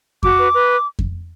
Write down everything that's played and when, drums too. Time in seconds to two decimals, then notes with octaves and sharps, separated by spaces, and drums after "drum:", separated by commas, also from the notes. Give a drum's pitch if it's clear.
0.23 F#4 D6, drum: kick F2
0.38 B4
0.53 B4
0.99 drum: kick F2